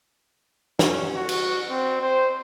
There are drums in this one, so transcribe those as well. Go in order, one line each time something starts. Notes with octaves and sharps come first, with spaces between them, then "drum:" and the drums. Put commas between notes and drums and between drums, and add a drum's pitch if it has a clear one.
C#4, drum: snare
F#4
drum: cymbal
C4
C5